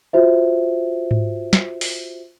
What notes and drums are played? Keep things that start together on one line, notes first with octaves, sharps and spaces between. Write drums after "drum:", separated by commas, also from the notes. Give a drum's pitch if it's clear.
F4 F#4 C5 E5
drum: tom G#2
drum: snare
drum: open hi-hat